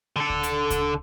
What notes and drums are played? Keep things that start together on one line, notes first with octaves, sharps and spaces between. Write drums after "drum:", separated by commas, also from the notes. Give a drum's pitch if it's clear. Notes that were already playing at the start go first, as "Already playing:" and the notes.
D3 A4
drum: kick D2
drum: hi-hat
drum: kick D2, hi-hat